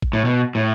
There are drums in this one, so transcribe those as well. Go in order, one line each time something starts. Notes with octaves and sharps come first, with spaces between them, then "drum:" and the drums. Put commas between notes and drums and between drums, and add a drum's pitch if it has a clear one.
drum: kick A1
A2
B2
A2